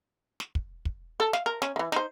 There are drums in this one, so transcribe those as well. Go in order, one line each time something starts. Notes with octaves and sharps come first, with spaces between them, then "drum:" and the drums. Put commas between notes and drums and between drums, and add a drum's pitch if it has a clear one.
drum: snare
drum: kick
drum: kick
A4
F5, drum: snare
A#4
C#4, drum: snare
D#3 E3
D#4 C5, drum: snare